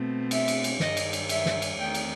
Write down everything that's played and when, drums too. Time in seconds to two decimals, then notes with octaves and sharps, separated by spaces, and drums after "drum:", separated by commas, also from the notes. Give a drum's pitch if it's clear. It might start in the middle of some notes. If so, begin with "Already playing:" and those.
Already playing: B2 A3 C4
0.31 E5, drum: cymbal
0.48 drum: cymbal
0.64 drum: cymbal
0.80 G2 D#3 G3 D#5, drum: snare
0.97 drum: cymbal
1.13 drum: cymbal
1.29 E5, drum: cymbal
1.46 drum: snare
1.62 drum: cymbal
1.78 E2 D#3 A3 C4 D#4 G5
1.95 drum: cymbal